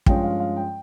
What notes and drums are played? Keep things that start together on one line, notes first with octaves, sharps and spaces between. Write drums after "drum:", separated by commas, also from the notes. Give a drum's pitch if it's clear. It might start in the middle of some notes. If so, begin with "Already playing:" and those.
G2 F3 G#3 C#4 F4 G5, drum: kick
F5
F5
G5